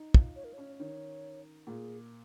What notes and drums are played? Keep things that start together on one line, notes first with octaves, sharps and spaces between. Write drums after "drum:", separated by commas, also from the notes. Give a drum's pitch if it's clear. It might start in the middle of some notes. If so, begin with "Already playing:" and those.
Already playing: D#4
F4, drum: kick
C#5
A#4
C#4 C#5
D#3 C#5
A#2 G#4